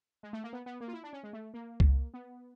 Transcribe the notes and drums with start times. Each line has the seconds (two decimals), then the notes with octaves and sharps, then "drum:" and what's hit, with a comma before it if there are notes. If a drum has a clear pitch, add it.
0.23 G#3
0.33 A3
0.44 A#3
0.53 B3
0.66 B3
0.81 A#3
0.88 F4
0.93 E4
1.03 D4
1.13 C#4
1.23 G#3
1.33 A3
1.54 A#3
1.80 drum: kick C2
2.14 B3